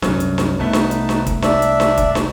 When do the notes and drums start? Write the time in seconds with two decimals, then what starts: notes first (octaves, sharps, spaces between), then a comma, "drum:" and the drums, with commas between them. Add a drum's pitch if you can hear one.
0.02 C2 F#2, drum: snare
0.20 drum: hi-hat
0.38 drum: snare
0.59 C2 A3 B3 D#4 B4 A5
0.73 drum: snare
0.91 drum: hi-hat
1.09 drum: snare
1.27 drum: kick, hi-hat
1.42 D4 D5 E5, drum: snare
1.62 drum: hi-hat
1.80 drum: snare
1.97 drum: kick, hi-hat
2.15 drum: snare